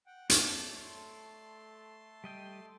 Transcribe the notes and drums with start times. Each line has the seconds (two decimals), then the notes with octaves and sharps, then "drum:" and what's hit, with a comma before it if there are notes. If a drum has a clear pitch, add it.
0.06 F#5 G5
0.30 A3 C#5 D5 A5 C6, drum: hi-hat
2.24 G3 D#5 G5